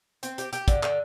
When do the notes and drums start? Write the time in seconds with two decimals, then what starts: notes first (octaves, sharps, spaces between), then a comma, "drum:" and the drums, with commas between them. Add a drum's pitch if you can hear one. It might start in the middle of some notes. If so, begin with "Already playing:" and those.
0.23 C4, drum: hi-hat
0.38 G4, drum: hi-hat
0.53 G4, drum: hi-hat
0.68 D3, drum: kick, hi-hat
0.83 D3, drum: clap